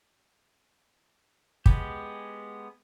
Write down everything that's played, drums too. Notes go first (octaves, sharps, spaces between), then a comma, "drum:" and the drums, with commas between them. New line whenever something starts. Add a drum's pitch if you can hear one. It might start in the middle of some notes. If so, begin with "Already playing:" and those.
G#3 B3 G4, drum: kick